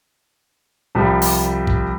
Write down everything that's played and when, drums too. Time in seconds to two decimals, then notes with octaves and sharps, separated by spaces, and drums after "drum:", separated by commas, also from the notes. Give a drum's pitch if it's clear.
0.95 C2 F3 G3
1.22 drum: open hi-hat
1.67 drum: kick